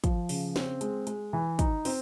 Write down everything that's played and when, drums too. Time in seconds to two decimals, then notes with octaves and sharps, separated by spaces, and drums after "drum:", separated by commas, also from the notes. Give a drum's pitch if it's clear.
0.04 F3, drum: kick, hi-hat
0.29 C#3, drum: open hi-hat
0.56 C4, drum: snare
0.81 G#3, drum: hi-hat
1.07 G#3, drum: hi-hat
1.33 E3
1.59 D#4, drum: kick, hi-hat
1.85 C4, drum: open hi-hat